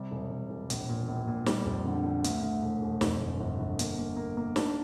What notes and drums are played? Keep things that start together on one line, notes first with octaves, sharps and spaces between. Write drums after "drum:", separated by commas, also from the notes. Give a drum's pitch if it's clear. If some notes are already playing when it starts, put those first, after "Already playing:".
Already playing: C3 G3
E1
E1
E1
A#1, drum: hi-hat
A#2
A#1
A#2
G3, drum: snare
F2
D3
D3
D2, drum: hi-hat
D2
E1
E1
F2, drum: snare
G1
G1
G1
A#3, drum: hi-hat
A#3
A#3
A#3
D4, drum: snare